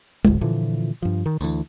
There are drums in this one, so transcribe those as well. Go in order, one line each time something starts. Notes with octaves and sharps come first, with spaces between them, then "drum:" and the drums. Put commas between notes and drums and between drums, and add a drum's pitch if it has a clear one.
D1 G#1 D2, drum: tom
A#2 D3 E3 F3
G2 F3
D#3
D2 E3, drum: tambourine